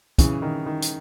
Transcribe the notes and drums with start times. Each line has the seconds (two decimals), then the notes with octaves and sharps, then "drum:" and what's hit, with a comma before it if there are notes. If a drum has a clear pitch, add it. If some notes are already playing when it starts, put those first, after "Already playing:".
0.18 C#3 E3, drum: kick, hi-hat
0.42 D#3
0.66 D#3
0.82 drum: hi-hat